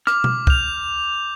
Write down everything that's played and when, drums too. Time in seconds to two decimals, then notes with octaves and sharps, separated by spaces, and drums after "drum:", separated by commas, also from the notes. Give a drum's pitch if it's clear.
0.07 D6 F6, drum: rim click
0.24 drum: tom B2
0.47 G6 F7, drum: kick C2